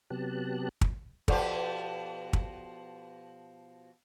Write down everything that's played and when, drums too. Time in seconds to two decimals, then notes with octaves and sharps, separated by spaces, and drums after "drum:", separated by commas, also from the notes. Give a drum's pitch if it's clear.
0.10 C3 F#3 B3 G4 A5 F#6
0.81 drum: kick
1.28 B2 F3 G4 A4 D5 F#5, drum: kick
2.33 drum: kick